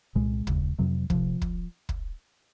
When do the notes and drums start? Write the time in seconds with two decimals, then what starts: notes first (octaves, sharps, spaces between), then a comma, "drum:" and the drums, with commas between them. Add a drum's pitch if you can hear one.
0.15 C2 A#2 G#3
0.47 D#2 C#3, drum: kick
0.78 F2 C3 F#3
1.10 C3 F3, drum: kick
1.42 drum: kick
1.89 drum: kick